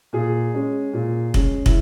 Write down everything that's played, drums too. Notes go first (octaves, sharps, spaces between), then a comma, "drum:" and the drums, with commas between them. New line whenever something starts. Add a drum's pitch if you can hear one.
A#2 G#4
G#3 C#4
A#2
G#3 C#4, drum: kick
E4, drum: kick